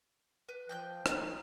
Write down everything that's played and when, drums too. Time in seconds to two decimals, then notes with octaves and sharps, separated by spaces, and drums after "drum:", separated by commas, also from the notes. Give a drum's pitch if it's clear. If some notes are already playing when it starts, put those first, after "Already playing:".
0.49 B4
0.69 F3 G5 F#6 G6
1.06 D#4, drum: rim click